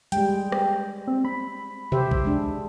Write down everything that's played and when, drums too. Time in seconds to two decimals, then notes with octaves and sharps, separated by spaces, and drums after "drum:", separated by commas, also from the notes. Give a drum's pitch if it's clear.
0.12 G3 G#3 G5, drum: hi-hat
0.52 drum: rim click
1.07 C4
1.25 B5
1.92 G4 C5 E5, drum: tom B2
2.11 drum: kick B1
2.25 G#3 D4